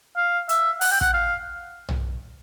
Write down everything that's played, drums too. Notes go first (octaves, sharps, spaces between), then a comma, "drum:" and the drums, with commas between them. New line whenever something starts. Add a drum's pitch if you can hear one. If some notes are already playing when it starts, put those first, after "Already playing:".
F5
E5, drum: hi-hat
F#5, drum: open hi-hat
G5
F#5, drum: kick
F5
drum: tom B1